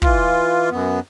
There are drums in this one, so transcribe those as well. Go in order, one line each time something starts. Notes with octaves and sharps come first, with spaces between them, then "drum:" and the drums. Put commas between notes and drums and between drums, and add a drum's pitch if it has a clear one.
E3 F4, drum: kick
F#2 B3